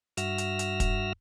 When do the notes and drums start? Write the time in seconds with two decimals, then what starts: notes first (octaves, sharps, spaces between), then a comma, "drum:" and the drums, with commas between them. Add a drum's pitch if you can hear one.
0.17 G2 F#4 E5 E6 F6 A#6, drum: hi-hat
0.38 drum: hi-hat
0.59 drum: hi-hat
0.80 drum: kick, hi-hat